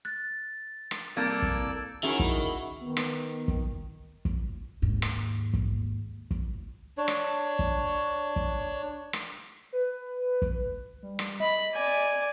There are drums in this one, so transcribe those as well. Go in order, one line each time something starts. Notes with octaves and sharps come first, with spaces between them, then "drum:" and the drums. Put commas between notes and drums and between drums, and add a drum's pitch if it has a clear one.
F#6 A6
drum: rim click
C2 A#3 A4 D5 A#5 E6 G6 G#6
drum: kick
D#3 C#4 E4 F#4 G#4 E5
drum: kick
D#3 B3
drum: rim click
drum: kick
drum: kick
D#2 G#2
drum: rim click
drum: kick
drum: kick
D4 C#5
drum: rim click
drum: kick
drum: kick
drum: rim click
B4
drum: kick
G3
drum: rim click
D#5 B5
D5 G#5